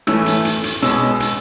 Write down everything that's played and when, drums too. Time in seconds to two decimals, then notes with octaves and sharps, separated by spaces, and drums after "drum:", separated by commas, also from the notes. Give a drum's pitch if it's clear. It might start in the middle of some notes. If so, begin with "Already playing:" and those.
0.07 E3 A3 C#4 E6, drum: rim click
0.26 drum: hi-hat
0.45 drum: hi-hat
0.64 drum: hi-hat
0.82 B2 G#3 C#4 E6, drum: hi-hat
1.07 E6
1.20 drum: hi-hat